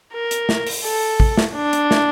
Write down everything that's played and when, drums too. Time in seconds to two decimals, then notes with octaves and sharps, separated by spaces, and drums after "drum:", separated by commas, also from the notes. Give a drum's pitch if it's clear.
0.13 A#4
0.31 drum: hi-hat
0.49 drum: snare
0.67 drum: open hi-hat
0.84 A4
1.20 drum: kick A1
1.38 drum: snare
1.55 D4
1.73 drum: hi-hat
1.91 drum: snare